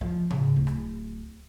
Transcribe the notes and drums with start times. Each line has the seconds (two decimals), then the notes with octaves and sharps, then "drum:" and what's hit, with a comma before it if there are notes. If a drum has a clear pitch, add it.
0.01 F3
0.31 C#3, drum: tom A2
0.56 D1
0.67 drum: rim click